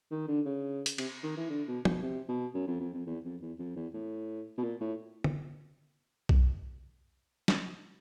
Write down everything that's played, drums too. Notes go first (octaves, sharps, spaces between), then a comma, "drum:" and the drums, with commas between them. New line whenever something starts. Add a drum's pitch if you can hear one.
D#3
D3
C#3
drum: hi-hat
C3, drum: cymbal
D#3
E3
D3
B2
B2, drum: tom
C3
B2
F#2
F2
F2
F2
E2
F2
E2
F2
E2
A2
B2
A#2
A2
drum: tom
drum: kick B1
drum: snare